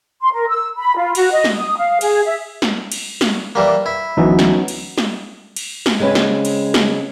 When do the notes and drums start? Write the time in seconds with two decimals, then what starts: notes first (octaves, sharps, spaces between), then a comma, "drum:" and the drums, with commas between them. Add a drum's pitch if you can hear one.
0.21 C6
0.33 A#4
0.48 E6
0.78 B5
0.96 F4
1.15 F#4, drum: cymbal
1.32 D#5
1.44 drum: snare
1.56 D#6
1.77 F5
2.01 G#4, drum: cymbal
2.25 E5
2.62 drum: snare
2.92 drum: cymbal
3.21 drum: snare
3.55 E3 G3 A#3
3.86 E4
4.17 D2 E3 F#3 B3 C#4 D#4 E5
4.39 drum: snare
4.68 drum: cymbal
4.98 drum: snare
5.56 drum: cymbal
5.86 drum: snare
5.99 C#3 G#3 C4 C#4 B4
6.15 drum: snare
6.45 drum: cymbal
6.74 drum: snare